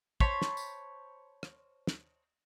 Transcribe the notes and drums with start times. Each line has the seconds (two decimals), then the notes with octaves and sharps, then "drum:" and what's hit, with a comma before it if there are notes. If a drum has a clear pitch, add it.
0.20 C5 C#5 A5 B5, drum: kick
0.42 drum: snare
0.57 drum: tambourine
1.43 drum: rim click
1.87 drum: snare